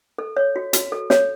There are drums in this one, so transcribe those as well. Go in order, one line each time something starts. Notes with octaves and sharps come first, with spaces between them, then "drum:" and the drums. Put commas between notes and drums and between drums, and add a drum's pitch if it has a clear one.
A4
C#5
F#4
F#4, drum: hi-hat
A4
C#5, drum: snare